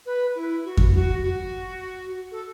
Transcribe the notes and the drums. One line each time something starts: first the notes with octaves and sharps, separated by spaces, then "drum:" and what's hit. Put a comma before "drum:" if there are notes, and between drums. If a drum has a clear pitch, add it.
B4
E4
F#4
drum: kick F2
F#4
F#4
A4